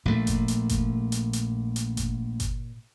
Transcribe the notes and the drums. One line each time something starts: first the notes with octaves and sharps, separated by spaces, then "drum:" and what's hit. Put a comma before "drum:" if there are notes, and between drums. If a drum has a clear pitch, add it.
A#1 A#2 A3
drum: kick G1, hi-hat
drum: hi-hat
drum: kick G1, hi-hat
drum: hi-hat
drum: hi-hat
drum: hi-hat
drum: kick G1, hi-hat
drum: kick G1, hi-hat